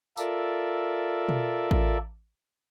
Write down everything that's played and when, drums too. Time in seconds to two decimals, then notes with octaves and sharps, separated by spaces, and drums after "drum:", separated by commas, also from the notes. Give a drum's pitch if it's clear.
0.17 F4 A4 A#4 D5 E5, drum: tambourine
1.29 drum: tom B2
1.71 drum: kick A1